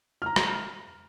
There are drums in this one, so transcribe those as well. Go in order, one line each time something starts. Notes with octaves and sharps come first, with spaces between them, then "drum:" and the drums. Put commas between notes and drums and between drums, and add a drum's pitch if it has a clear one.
A#5 F6
drum: rim click